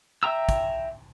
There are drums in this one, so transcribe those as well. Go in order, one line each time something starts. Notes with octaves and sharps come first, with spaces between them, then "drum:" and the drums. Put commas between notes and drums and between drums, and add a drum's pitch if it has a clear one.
E5 G5 A#5 E6
drum: kick, hi-hat